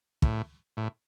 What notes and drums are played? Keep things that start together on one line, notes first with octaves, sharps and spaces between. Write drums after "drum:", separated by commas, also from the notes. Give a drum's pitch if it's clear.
A2, drum: kick
A2